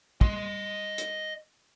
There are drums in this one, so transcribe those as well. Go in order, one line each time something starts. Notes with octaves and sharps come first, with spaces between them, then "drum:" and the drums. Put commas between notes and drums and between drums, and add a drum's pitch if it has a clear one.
D#5 C6, drum: kick
drum: hi-hat